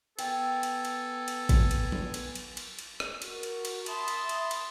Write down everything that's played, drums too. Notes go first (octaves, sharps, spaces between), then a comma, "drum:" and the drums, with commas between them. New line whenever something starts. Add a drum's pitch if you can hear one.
B3 A4 G5 G#5, drum: cymbal
drum: cymbal
drum: cymbal
drum: cymbal
drum: kick, cymbal
drum: cymbal
drum: tom F#3
drum: cymbal
drum: cymbal
drum: cymbal
drum: cymbal
drum: rim click
F#4 A#4, drum: cymbal
drum: cymbal
drum: cymbal
E5 A5 B5 C6 D#6, drum: cymbal
drum: cymbal
drum: cymbal
drum: cymbal